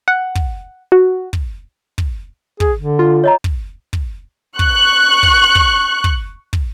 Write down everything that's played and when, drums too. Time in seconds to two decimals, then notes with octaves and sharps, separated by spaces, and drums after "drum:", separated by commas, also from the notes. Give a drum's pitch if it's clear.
0.08 F#5
0.35 drum: kick
0.92 F#4
1.33 drum: kick
1.98 drum: kick
2.60 G#4, drum: kick
2.79 D3
2.99 F4
3.24 C#5 D#5 A#5
3.44 drum: kick
3.93 drum: kick
4.59 C#6 F#6, drum: kick
5.23 drum: kick
5.55 drum: kick
6.04 drum: kick
6.53 drum: kick